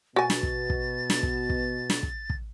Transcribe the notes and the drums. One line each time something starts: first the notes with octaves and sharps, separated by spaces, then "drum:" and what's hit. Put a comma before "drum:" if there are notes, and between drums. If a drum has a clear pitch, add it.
B2 F#4 G#5 A6
drum: snare
drum: kick
drum: kick
drum: snare
drum: kick
drum: kick
drum: snare
drum: kick
drum: kick